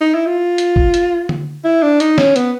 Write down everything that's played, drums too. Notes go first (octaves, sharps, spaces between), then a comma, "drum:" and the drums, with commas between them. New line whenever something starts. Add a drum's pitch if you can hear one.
D#4
E4
F4
drum: hi-hat
drum: kick
drum: hi-hat
drum: tom D3
E4
D4
D#4, drum: hi-hat
C#4, drum: snare
B3, drum: hi-hat